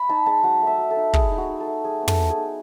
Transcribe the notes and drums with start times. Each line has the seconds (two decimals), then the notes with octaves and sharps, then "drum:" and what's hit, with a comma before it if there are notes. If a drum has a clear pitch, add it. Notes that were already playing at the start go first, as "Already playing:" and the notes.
Already playing: B5
0.09 D#4 A5
0.26 G#3 A5
0.44 F#3 F#5
0.61 A3
0.67 E5
0.78 F#3
0.91 A4
0.97 D#4
1.13 A3 G#4, drum: kick
1.31 D#4
1.38 F#4
1.49 D#4
1.60 A4
1.67 A3
1.84 F#3 G#4
2.01 B3
2.08 A4, drum: tom
2.20 F#3
2.30 G#4
2.37 D#4